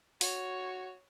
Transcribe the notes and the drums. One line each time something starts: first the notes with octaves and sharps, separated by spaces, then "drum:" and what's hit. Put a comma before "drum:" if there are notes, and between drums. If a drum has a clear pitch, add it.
F#4 C#5, drum: open hi-hat